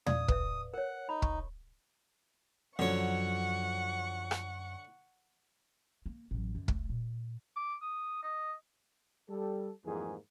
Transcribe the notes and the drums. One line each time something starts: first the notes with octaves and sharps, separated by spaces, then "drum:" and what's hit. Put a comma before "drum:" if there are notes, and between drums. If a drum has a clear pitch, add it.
D5 F5 D#6, drum: tom
B4 E5, drum: kick
A#4 C#5 F#5
D#4 B5
C#6, drum: kick
F#2 D3 F3 F#3 C#5 F#5 C#6
drum: rim click
A#3
A1 F#3
F#2 D3
A3, drum: kick
A#2
D6
D#6
D#5
G3 A4
F2 G#2 E3 G3 A#3 G#4